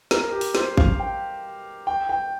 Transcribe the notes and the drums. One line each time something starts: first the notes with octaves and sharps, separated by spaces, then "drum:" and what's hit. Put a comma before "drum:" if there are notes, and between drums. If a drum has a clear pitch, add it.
A#4, drum: snare
G4
drum: open hi-hat
C5, drum: snare
F5, drum: kick
G5
G5
G5